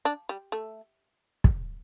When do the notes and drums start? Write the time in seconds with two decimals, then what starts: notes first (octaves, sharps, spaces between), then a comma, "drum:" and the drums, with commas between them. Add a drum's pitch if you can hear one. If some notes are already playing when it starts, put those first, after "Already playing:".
0.05 D4
0.29 G3
0.52 A3
1.44 drum: kick